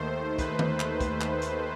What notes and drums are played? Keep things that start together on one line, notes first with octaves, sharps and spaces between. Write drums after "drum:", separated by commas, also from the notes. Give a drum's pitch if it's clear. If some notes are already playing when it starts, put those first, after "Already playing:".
Already playing: D#2 D#3 A3 C5
B4, drum: kick, hi-hat
drum: tom D#3
drum: clap
drum: kick, hi-hat
drum: clap
drum: hi-hat